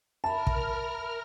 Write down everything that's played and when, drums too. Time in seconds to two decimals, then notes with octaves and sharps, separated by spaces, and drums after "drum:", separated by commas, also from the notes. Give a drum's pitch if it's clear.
0.24 A#4 E5 A5 B5 F6
0.47 drum: kick